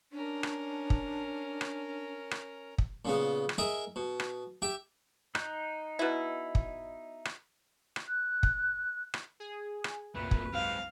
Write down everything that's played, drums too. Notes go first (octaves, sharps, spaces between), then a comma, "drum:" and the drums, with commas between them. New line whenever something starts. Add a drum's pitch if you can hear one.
C#4 D4 A#4
drum: rim click
drum: kick
drum: rim click
drum: rim click
drum: kick
A#2 C#3 B3
drum: rim click
G#4 A#4 D#5 E5
B2
drum: rim click
G4 E5 G5
D#4 F#6 G6, drum: rim click
B2 E4
drum: kick
drum: rim click
drum: rim click
F#6
drum: kick
drum: rim click
G#4
drum: rim click
C2 F#2 A#2 A3 B4
drum: kick
G#2 C4 F5